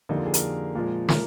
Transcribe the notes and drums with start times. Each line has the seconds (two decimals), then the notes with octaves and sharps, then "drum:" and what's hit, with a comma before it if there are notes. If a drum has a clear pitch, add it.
0.09 F2 D3 G3 A#3 D#4
0.17 F4
0.26 G#4
0.34 A#4, drum: hi-hat
0.75 A#2 F3 G#3
1.09 A#4, drum: snare